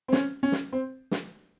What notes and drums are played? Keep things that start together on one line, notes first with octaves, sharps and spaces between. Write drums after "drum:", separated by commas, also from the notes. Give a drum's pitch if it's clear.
C4
C#4, drum: snare
C#4
drum: snare
C4
drum: snare